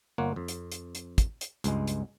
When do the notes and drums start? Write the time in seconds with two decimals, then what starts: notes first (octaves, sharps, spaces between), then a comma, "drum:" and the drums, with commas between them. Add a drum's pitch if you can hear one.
0.18 G1 A#3 F4 C#5 F#5
0.36 F2
0.48 drum: hi-hat
0.72 drum: hi-hat
0.95 drum: hi-hat
1.18 drum: kick, hi-hat
1.41 drum: hi-hat
1.64 C#2 G2 G#3, drum: hi-hat
1.87 drum: hi-hat